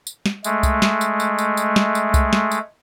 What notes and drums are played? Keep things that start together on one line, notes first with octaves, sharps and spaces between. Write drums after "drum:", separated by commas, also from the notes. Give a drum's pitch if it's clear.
drum: tambourine
drum: snare
G#3 A3, drum: tambourine
drum: kick C2, tambourine
drum: snare
drum: tambourine
drum: tambourine
drum: tambourine
drum: tambourine
drum: snare
drum: tambourine
drum: kick C2, tambourine
drum: snare
drum: tambourine